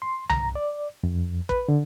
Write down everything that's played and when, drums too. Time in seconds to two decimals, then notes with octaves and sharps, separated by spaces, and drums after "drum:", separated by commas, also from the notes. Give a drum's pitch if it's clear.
0.02 C6
0.30 A#5, drum: tom C2
0.55 D5
1.03 F2
1.49 B4, drum: kick
1.69 D3